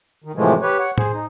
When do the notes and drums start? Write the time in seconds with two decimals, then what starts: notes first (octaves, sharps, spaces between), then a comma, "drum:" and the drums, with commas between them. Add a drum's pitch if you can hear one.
0.24 D#3
0.36 A2 C3 E3 F3 G#3 A3
0.62 G4 B4 C#5
0.79 C#5 F#5
0.98 G#4 C5, drum: tom A2
1.13 D#4